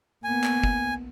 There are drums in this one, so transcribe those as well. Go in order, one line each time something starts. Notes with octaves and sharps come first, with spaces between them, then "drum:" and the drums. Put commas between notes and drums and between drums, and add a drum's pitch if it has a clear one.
A#3 B3 G#5
drum: clap
drum: kick